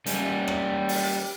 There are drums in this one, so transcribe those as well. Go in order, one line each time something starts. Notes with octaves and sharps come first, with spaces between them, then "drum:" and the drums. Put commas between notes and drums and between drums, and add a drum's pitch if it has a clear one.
G3 C#4, drum: hi-hat
drum: rim click
drum: open hi-hat